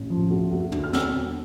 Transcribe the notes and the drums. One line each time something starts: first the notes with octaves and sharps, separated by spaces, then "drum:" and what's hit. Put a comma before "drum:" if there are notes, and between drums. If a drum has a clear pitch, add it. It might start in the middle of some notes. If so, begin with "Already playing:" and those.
Already playing: A1
F3
D2
D2
D3, drum: tom
F6
E1 E6, drum: snare
B2